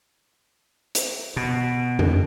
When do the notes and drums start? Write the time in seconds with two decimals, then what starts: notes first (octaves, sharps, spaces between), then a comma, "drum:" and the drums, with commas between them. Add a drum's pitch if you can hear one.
0.95 drum: hi-hat
1.36 B2
1.99 drum: tom F2